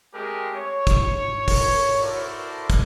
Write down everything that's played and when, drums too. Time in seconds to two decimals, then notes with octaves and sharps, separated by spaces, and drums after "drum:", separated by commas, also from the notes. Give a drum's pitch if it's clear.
0.14 G#3 A3 C4 G4 G#4 A#4
0.56 C#5
0.87 drum: kick, hi-hat
1.48 drum: kick, open hi-hat
2.01 E4 F#4 A4 A#4 C5 D5
2.70 drum: kick, hi-hat